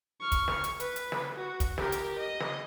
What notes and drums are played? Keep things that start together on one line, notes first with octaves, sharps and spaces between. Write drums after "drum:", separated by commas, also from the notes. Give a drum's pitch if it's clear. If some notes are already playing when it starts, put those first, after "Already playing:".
C#6 F6
drum: kick, hi-hat
drum: snare
drum: hi-hat
B4, drum: hi-hat
drum: hi-hat
drum: snare
F#4
drum: kick, hi-hat
G4 A#4, drum: snare
drum: hi-hat
D#5
drum: snare